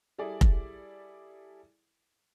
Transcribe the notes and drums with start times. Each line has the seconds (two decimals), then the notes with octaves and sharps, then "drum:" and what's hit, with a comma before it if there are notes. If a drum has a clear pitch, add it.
0.19 G3 E4 G#4 A4 D5
0.41 drum: kick F1